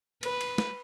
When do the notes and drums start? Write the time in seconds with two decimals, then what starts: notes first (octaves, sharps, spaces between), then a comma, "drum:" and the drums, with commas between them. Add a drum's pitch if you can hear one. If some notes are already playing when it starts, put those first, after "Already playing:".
0.23 B4, drum: cymbal
0.41 drum: cymbal
0.58 drum: snare